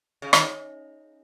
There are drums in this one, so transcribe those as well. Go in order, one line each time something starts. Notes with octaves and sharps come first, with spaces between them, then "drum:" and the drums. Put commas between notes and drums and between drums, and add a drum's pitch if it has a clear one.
C#3
D#3, drum: rim click